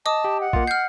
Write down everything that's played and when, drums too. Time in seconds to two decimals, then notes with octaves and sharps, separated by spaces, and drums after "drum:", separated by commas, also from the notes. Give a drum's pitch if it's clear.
0.06 D#5 A5 D6 D#6
0.25 G4
0.41 F#5
0.53 A#3 F4, drum: kick
0.67 F6 G6 C7